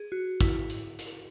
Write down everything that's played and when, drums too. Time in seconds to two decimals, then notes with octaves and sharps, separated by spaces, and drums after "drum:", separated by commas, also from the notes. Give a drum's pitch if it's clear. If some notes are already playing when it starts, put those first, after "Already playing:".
Already playing: G#4
0.12 F#4
0.41 E4, drum: kick, hi-hat
0.70 drum: hi-hat
0.99 drum: hi-hat